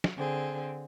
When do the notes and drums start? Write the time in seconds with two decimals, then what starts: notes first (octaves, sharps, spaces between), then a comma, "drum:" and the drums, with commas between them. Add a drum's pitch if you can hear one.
0.04 drum: snare
0.16 D3 C4 G#4